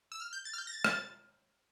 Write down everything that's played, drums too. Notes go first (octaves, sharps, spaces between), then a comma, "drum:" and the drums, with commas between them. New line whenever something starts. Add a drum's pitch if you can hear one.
E6
F6
G6
A6
F6
G6
A#6
A6
drum: rim click